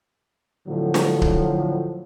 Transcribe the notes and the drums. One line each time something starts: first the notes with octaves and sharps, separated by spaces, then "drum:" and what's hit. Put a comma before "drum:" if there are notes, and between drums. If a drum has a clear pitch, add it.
A2 D3 F3 F#3
drum: snare
drum: kick C#1